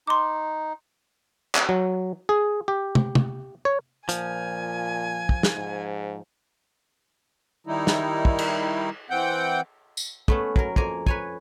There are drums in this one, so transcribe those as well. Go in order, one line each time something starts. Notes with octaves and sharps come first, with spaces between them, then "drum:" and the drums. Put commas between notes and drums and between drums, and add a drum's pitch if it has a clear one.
D#4 C6 D6
drum: clap
F#3
G#4
G4
drum: tom
drum: tom
C#5
A#2 F3 G#5, drum: hi-hat
drum: kick
drum: snare
G#2
D#3 G3 D#4 E4
drum: snare
drum: kick
drum: cymbal
E3 C4 F#5 G5 G6
drum: tambourine
A3 B3 C#4, drum: kick
F#3 A#4, drum: kick
F2 A#3 G#5 A#5, drum: kick
B4 C#5 G#5, drum: kick